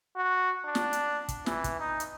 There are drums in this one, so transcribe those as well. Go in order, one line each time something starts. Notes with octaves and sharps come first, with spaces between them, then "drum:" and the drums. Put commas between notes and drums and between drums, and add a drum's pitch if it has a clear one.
F#4
D4
drum: snare
drum: hi-hat
drum: kick, hi-hat
E3, drum: snare
drum: kick, hi-hat
D#4
drum: hi-hat